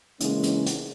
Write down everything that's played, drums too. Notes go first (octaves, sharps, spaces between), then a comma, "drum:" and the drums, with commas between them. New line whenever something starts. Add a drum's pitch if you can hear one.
C#3 E3 G#3 A#3 C#4, drum: hi-hat
drum: hi-hat
drum: hi-hat